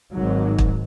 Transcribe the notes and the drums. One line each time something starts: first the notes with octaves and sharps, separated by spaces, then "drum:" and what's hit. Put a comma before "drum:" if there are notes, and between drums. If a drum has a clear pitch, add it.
G#1 G#2 F#3
drum: kick